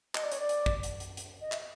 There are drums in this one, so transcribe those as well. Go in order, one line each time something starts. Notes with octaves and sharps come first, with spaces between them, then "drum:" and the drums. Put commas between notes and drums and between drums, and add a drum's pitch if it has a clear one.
D#5, drum: clap
D5
C#5, drum: hi-hat
D5
drum: hi-hat
drum: kick
drum: hi-hat
drum: hi-hat
drum: hi-hat
D#5
E5, drum: clap